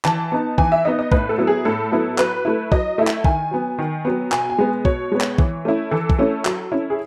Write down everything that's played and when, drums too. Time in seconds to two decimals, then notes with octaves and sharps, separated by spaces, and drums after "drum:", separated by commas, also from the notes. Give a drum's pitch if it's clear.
0.05 E3 A5, drum: clap
0.32 B3 D#4
0.58 E3 G#5, drum: kick
0.72 E5
0.85 B3 D#4 D#5
0.99 D#5
1.12 A2 B4, drum: kick
1.29 A4
1.38 F#3 B3 E4
1.47 G#4
1.65 A2 A4
1.92 F#3 B3 E4
2.18 F#3 B4, drum: clap
2.45 A3 E4
2.72 F#3 D#5, drum: kick
2.98 A3 E4 E5
3.07 drum: clap
3.24 D#3 G#5, drum: kick
3.51 F#3 B3
3.79 D#3
4.05 F#3 B3
4.32 B2 G#5, drum: clap
4.50 G#5
4.58 G#3 B3
4.85 B2 C#5, drum: kick
5.12 G#3 B3
5.21 drum: clap
5.38 E3, drum: kick
5.65 A3 C#4 E4
5.91 E3 A4
6.10 drum: kick
6.19 A3 C#4 E4
6.45 F#3, drum: clap
6.72 C#4 E4
6.90 G#4